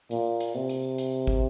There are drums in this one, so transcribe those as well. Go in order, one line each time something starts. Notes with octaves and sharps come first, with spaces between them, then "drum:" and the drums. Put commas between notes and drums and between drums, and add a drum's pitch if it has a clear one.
A#2, drum: hi-hat
drum: hi-hat
C3
drum: hi-hat
drum: hi-hat
drum: kick